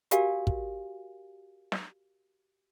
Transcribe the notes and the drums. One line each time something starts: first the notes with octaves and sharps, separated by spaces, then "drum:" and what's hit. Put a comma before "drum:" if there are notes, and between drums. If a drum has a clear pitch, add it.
F#4 G4 A#4 D5 F5 G#5, drum: hi-hat
drum: kick
drum: snare